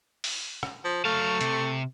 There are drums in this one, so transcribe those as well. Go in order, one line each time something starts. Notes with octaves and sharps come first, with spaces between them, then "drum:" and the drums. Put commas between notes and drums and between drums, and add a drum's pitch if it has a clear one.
drum: open hi-hat
drum: rim click
F3
F#3 A3 F5
C3, drum: hi-hat